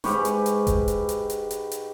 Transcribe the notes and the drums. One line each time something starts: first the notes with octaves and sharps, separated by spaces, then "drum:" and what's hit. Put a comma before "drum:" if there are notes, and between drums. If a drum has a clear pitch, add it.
G#2 G4 B4 C#6, drum: snare
drum: hi-hat
drum: hi-hat
drum: kick F1, hi-hat
drum: hi-hat
drum: hi-hat
drum: hi-hat
drum: hi-hat
drum: hi-hat